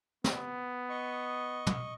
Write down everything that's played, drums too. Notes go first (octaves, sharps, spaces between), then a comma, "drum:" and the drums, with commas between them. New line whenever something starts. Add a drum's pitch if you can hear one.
B3, drum: snare
D#5 C#6
drum: tom